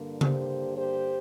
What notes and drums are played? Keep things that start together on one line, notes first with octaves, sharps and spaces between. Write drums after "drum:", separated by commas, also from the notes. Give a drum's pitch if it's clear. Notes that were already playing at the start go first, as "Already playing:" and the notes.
Already playing: G2 D3 A#3
G4 C5, drum: tom C#3
G4 C5